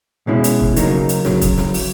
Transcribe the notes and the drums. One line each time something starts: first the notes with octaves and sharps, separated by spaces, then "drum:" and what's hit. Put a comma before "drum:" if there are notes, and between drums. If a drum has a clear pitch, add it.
B2 G#3 C#4 E4
drum: hi-hat
drum: kick
C#3 F#3 A#3 D#4, drum: hi-hat
drum: hi-hat
C#3 F#3, drum: snare
drum: kick, hi-hat
drum: snare
drum: open hi-hat